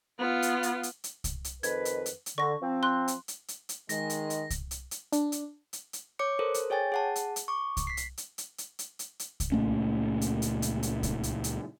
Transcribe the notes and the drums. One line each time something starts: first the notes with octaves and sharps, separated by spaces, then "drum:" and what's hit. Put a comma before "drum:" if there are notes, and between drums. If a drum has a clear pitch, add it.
B3 F4
drum: hi-hat
drum: hi-hat
drum: hi-hat
drum: hi-hat
drum: kick C2, hi-hat
drum: hi-hat
F2 D#3 B4 G#6, drum: hi-hat
drum: hi-hat
drum: hi-hat
drum: hi-hat
D3 C#6 A#6
F3 C4
C6 F#6
drum: hi-hat
drum: hi-hat
drum: hi-hat
drum: hi-hat
D#3 G#3 A#6, drum: hi-hat
drum: hi-hat
drum: hi-hat
drum: kick C2, hi-hat
drum: hi-hat
drum: hi-hat
D4, drum: hi-hat
drum: hi-hat
drum: hi-hat
drum: hi-hat
C#5 D6 C#7
A4 A#4 C5
drum: hi-hat
G#4 C#5 G5 G#5 A6
G#4 F#5 A5
drum: hi-hat
drum: hi-hat
C#6 D6
drum: kick C2, hi-hat
B6 C7
drum: hi-hat
drum: hi-hat
drum: hi-hat
drum: hi-hat
drum: hi-hat
drum: hi-hat
drum: hi-hat
drum: kick C2, hi-hat
C#2 A#2 A3 C#4
drum: hi-hat
drum: hi-hat
drum: hi-hat
drum: hi-hat
drum: kick C2, hi-hat
drum: hi-hat
drum: hi-hat